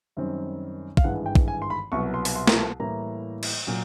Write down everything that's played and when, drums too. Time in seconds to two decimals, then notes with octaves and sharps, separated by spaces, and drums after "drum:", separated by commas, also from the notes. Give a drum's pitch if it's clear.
0.17 F#2 D#3 G3 C4
0.97 F5, drum: kick
1.04 G#1 G2 E3 G#3 F#5
1.26 G5
1.35 drum: kick
1.48 G#5
1.62 C6
1.70 B5
1.92 C2 B2 F#3 B3 C#6
2.14 C6
2.25 drum: open hi-hat
2.36 C6
2.47 A#5, drum: snare
2.57 A5
2.80 A2 E3 G3 A#3 A#5
3.43 drum: cymbal
3.67 A#2 F#3